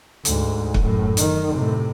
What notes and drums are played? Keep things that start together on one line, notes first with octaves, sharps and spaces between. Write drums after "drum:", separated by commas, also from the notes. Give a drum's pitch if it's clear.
D2 G#2, drum: hi-hat
drum: kick
F#2 A2
D#3, drum: hi-hat
A2 C3